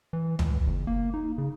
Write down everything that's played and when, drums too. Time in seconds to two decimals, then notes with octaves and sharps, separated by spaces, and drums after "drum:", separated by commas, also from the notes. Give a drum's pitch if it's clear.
0.13 E3
0.39 C#2, drum: tom C#2
0.67 F#1
0.87 A#3
1.14 D#4
1.38 C#3